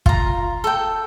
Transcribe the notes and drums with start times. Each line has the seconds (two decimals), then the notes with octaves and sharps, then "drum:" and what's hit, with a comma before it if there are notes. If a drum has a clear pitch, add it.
0.06 F4 A#5, drum: kick
0.64 A4 G5